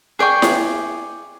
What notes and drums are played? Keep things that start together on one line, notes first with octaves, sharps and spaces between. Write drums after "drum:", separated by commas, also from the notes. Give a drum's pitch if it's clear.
G#4 D5 G5 C#6
drum: snare E4